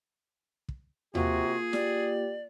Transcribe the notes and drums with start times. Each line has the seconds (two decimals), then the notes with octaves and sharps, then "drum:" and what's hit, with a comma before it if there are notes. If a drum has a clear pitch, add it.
0.69 drum: kick
1.15 C3 A#3 F4 F#4 G#4, drum: tom D#2
1.73 G4 D5, drum: snare